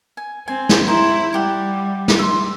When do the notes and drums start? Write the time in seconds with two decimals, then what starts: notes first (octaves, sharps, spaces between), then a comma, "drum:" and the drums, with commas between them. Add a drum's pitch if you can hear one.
0.17 G#5
0.48 C4 G#5
0.69 drum: snare
0.87 E4 C5 A#5
1.33 G3 E4 G4 F#5
2.08 drum: snare
2.19 E5 C6